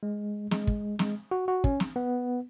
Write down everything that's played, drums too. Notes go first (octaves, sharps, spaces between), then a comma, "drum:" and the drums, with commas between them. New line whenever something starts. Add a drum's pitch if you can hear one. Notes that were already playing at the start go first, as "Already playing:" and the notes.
G#3
G#3, drum: snare
drum: kick
G#3, drum: snare
F#4
F#4
C#4, drum: kick
drum: snare
B3